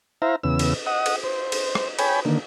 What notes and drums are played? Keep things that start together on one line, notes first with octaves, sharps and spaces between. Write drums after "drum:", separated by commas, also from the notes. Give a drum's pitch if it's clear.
E4 C5 E5 F5 A#5
E2 C#3 B3 E6
drum: cymbal
D#5 F#5 D#6
drum: cymbal
C5
drum: cymbal
drum: rim click
C#5 G5 G#5 B5, drum: cymbal
D3 D#3 A#3